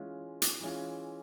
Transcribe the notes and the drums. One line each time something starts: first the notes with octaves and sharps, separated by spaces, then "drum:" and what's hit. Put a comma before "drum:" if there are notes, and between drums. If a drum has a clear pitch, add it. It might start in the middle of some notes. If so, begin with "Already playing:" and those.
Already playing: E3 G#3 C#4 F4
drum: hi-hat
E3 G#3 C#4 F4